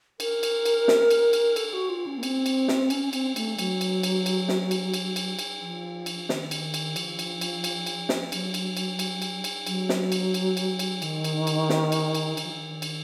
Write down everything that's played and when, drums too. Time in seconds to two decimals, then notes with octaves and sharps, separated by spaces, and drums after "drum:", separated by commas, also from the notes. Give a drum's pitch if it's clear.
0.20 A#4, drum: cymbal
0.43 drum: cymbal
0.65 drum: cymbal
0.88 drum: snare
1.11 drum: cymbal
1.33 drum: cymbal
1.56 A4, drum: cymbal
1.73 F#4
1.89 F4
2.06 C#4
2.18 A#3
2.23 C4, drum: cymbal
2.46 drum: cymbal
2.68 drum: snare
2.90 C#4, drum: cymbal
3.13 C4, drum: cymbal
3.36 A3, drum: cymbal
3.59 F#3, drum: cymbal
3.81 drum: cymbal
4.03 drum: cymbal
4.26 drum: cymbal
4.49 drum: snare
4.71 drum: cymbal
4.94 drum: cymbal
5.16 drum: cymbal
5.39 drum: cymbal
5.61 F3
6.06 drum: cymbal
6.29 D#3, drum: snare
6.51 drum: cymbal
6.74 drum: cymbal
6.96 F3, drum: cymbal
7.19 drum: cymbal
7.41 drum: cymbal
7.64 drum: cymbal
7.86 drum: cymbal
8.09 drum: snare
8.32 F#3, drum: cymbal
8.54 drum: cymbal
8.77 drum: cymbal
8.99 drum: cymbal
9.22 drum: cymbal
9.44 drum: cymbal
9.67 F#3, drum: cymbal
9.89 drum: snare
10.12 drum: cymbal
10.34 drum: cymbal
10.57 drum: cymbal
10.79 drum: cymbal
11.02 D#3, drum: cymbal
11.24 drum: cymbal
11.47 drum: cymbal
11.69 drum: snare
11.92 drum: cymbal
12.15 drum: cymbal
12.37 D#3, drum: cymbal
12.45 F3
12.53 D#3
12.82 drum: cymbal